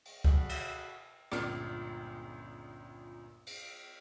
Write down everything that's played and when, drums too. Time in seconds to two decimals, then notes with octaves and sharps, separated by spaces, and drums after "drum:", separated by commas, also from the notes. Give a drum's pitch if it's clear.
0.05 drum: cymbal
0.25 F#4 G#4 A4 D5 F5 B5, drum: kick C#2
0.49 drum: cymbal
1.32 G1 C#2 A#2 D5 F6, drum: rim click
3.47 drum: cymbal